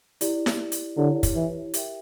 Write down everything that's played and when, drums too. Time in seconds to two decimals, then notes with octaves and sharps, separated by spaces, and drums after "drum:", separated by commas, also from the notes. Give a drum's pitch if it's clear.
0.21 E4 G4 D5, drum: hi-hat
0.46 drum: snare E4
0.72 drum: hi-hat
0.97 D3 E4 G4 C#5
1.23 drum: kick, hi-hat
1.35 E3
1.74 G4 A#4 E5 G5, drum: hi-hat